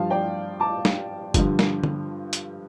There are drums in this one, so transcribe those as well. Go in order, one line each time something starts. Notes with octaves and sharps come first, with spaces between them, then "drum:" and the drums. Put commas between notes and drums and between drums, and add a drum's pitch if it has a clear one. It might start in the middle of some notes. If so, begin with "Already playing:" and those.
Already playing: G2 F3 F5 A5
D5 G5
A5 D6
drum: snare
G2 D3 F3, drum: kick F#1, hi-hat
drum: snare
drum: tom D3
drum: hi-hat